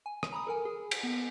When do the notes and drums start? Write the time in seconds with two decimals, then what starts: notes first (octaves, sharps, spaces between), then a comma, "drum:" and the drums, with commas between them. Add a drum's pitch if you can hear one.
0.06 G#5
0.23 drum: rim click
0.33 A#5 B5 D#6
0.47 A4 A#4 G#5
0.65 G#4
0.91 drum: cymbal
1.01 B3 G#5